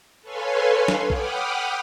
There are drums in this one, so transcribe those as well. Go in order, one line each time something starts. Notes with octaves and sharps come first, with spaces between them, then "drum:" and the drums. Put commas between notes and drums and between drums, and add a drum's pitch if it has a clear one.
A4 B4 C#5 F5 G#5 C6
drum: snare
F#5 G5 B5 D6 D#6 F6, drum: kick A#1